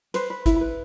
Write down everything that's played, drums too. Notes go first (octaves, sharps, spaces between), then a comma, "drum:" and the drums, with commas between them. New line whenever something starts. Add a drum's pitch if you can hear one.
B4 C5, drum: hi-hat
B4
E4, drum: kick G1, hi-hat
B4